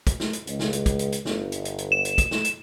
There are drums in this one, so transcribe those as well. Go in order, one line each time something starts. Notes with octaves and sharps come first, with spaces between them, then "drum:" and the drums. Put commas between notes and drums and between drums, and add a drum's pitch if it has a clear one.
drum: kick, hi-hat
drum: snare
drum: hi-hat
C#2, drum: hi-hat
drum: snare
drum: hi-hat
drum: kick, hi-hat
drum: hi-hat
drum: hi-hat
G1, drum: snare
drum: hi-hat
drum: hi-hat
drum: hi-hat
E7
drum: hi-hat
drum: kick, hi-hat
drum: snare
drum: hi-hat